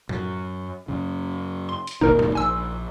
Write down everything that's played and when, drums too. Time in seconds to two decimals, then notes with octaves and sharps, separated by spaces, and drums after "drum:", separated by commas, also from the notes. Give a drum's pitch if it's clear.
0.09 F#2, drum: tom A2
0.89 F#2 C#3
1.69 C6
1.87 drum: hi-hat
2.01 D#1 B2 A#3 D#4 A#4, drum: kick G#1
2.19 drum: tom G#2
2.35 A#1 G#5 E6